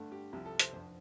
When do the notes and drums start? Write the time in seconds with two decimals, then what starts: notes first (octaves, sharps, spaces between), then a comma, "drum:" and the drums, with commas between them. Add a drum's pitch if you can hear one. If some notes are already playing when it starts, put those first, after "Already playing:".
Already playing: G2 D3 A3
0.12 G4
0.33 C2 C3 F3 G4
0.45 A4
0.59 C5, drum: hi-hat
0.73 F1 F2 D3 C5